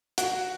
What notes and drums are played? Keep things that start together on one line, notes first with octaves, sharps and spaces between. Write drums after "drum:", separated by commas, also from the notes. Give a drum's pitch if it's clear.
F#4, drum: hi-hat